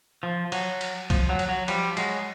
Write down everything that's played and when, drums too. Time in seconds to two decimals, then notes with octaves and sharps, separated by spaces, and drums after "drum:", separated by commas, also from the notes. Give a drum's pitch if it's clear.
0.23 F3
0.52 F#3, drum: cymbal
0.81 drum: cymbal
1.10 F3, drum: kick B1, cymbal
1.29 F#3
1.39 drum: cymbal
1.49 F#3
1.68 F3 G3, drum: cymbal
1.97 F#3 G#3, drum: cymbal